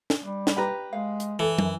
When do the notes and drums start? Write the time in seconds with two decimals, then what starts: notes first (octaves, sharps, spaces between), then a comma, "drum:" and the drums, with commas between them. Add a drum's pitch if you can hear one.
0.10 drum: snare
0.23 G3 D4
0.47 drum: snare
0.57 G4 B4 A#5
0.93 G#3 F5
1.20 drum: hi-hat
1.39 E3 A4
1.59 F#2, drum: tom